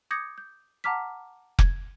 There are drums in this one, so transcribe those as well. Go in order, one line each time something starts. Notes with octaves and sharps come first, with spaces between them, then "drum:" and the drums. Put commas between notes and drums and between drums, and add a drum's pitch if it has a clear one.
D6 D#6 G6 G#6 A#6 C#7
G6
F#5 A5 A#5 D6 F6 B6
G#6, drum: kick F1